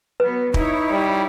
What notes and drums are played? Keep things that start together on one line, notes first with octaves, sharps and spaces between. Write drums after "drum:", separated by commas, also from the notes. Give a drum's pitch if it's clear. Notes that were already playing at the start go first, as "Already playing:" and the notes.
F#3 B3 B4
D#4 E4 C#5, drum: kick
G3